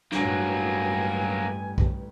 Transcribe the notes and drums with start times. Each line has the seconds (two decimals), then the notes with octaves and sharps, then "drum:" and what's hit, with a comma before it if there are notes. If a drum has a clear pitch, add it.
0.12 A1 G2 F#3 A#3 D4 G#5, drum: snare
1.78 drum: kick